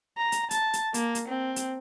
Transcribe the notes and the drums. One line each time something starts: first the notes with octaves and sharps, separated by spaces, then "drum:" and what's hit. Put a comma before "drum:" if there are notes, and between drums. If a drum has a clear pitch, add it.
A#5
drum: hi-hat
A5, drum: hi-hat
drum: hi-hat
A#3, drum: hi-hat
drum: hi-hat
C4
drum: hi-hat